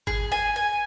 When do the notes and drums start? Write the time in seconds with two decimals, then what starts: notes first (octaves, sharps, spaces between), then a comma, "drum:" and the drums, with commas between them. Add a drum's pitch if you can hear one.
0.07 G#4, drum: kick G1
0.32 G#5
0.56 G#5